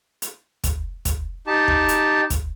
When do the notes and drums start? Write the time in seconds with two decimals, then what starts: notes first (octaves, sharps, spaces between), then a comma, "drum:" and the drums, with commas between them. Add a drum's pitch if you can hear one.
0.22 drum: hi-hat
0.64 drum: kick, hi-hat
1.05 drum: kick, hi-hat
1.47 D#4 G4 A5
1.68 drum: kick
1.89 drum: hi-hat
2.30 drum: kick, hi-hat